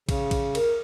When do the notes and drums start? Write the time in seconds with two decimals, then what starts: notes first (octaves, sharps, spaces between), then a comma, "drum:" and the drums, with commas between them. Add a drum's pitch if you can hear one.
0.09 C#3, drum: kick, cymbal
0.31 drum: kick, cymbal
0.55 A#4, drum: cymbal